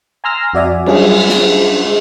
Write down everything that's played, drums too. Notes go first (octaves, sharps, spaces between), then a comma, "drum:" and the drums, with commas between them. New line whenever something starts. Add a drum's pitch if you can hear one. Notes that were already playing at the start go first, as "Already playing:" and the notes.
G#5 A#5 C6 E6 F6 A#6
F2 F#4 D5 E5 G#5
F#3 G3 C#4 D4 F4 G#4, drum: cymbal
drum: snare
G#3